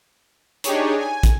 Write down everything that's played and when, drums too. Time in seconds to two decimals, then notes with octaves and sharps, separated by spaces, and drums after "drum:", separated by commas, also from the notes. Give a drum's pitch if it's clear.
0.64 D4 D#4 G4 G#4 C#5, drum: hi-hat
0.98 G#5
1.23 drum: kick, hi-hat